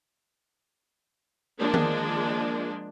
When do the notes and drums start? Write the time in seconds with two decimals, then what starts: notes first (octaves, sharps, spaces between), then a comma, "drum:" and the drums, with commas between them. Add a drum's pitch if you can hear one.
1.59 F3 G#3 A#3 D4
1.74 drum: tom D#3